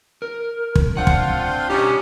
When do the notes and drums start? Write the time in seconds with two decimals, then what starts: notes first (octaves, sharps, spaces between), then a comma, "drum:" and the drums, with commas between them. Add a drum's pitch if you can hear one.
0.22 A#4
0.75 drum: kick
0.97 C4 D4 F4 F#5
1.07 drum: kick
1.70 G3 C#4 D#4 G4 E5